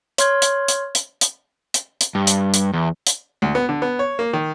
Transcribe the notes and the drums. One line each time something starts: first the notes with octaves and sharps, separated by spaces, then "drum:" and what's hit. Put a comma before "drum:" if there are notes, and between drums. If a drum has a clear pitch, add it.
C#5 C6 F6 G#6, drum: hi-hat
drum: hi-hat
drum: hi-hat
drum: hi-hat
drum: hi-hat
drum: hi-hat
drum: hi-hat
G2
drum: hi-hat
drum: hi-hat
E2
drum: hi-hat
D2
B3
D3
B3
C#5
A#3
D#3